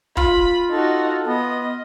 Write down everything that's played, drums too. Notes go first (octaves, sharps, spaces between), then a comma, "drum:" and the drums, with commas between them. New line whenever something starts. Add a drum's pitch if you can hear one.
F4 B5, drum: kick
D#4 F#4 A4
B3 D#5